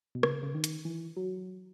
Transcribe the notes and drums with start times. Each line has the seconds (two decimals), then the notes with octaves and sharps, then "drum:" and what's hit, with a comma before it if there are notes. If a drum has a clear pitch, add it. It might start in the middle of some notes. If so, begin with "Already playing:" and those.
0.15 B2
0.23 C#3, drum: rim click
0.43 C#3
0.55 D#3
0.64 drum: hi-hat
0.85 E3
1.16 F#3